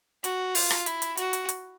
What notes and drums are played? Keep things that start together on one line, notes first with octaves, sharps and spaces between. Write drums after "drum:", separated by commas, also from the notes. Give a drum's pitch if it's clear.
F#4, drum: hi-hat
F4, drum: open hi-hat
drum: rim click
E4, drum: hi-hat
drum: hi-hat
F#4, drum: hi-hat
drum: hi-hat
drum: hi-hat